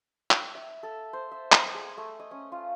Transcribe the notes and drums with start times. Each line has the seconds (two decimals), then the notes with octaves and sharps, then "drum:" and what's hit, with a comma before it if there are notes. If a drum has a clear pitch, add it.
0.31 drum: clap
0.55 E5
0.83 A4
1.13 C5
1.31 E5
1.52 D#6, drum: clap
1.74 G#4
1.97 A3
2.20 D#5
2.31 C#4
2.52 F4